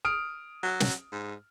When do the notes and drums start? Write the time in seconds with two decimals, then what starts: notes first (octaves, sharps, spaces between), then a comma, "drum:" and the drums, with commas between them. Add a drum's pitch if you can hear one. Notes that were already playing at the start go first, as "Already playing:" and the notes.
0.05 D#6 F6 D7
0.63 F#3
0.80 drum: snare
1.12 G#2